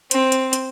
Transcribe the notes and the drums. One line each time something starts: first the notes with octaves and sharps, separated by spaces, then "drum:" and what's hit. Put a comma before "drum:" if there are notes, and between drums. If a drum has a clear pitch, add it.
C4, drum: hi-hat
drum: hi-hat
drum: hi-hat